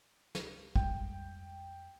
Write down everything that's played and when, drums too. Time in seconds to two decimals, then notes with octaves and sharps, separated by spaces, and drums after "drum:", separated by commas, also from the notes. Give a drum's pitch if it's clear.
0.35 drum: snare
0.76 F2 G3 G#3 G5, drum: kick